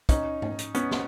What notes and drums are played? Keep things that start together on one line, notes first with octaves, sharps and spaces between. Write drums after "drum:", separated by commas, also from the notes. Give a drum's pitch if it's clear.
C#4 D#4, drum: kick, hi-hat
drum: tom G#2
drum: hi-hat
B3 C#4, drum: hi-hat
drum: snare